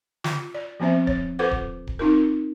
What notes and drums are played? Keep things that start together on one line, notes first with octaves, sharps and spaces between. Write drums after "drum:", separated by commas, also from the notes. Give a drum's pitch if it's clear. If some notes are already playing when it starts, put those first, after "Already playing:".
F4, drum: snare
D5
F3 B3 C4 C5 E5
C#5, drum: kick D1
F4 A4 B4 C5 F#5 D6
drum: kick D1
drum: kick D1
C4 D#4 F4 A#4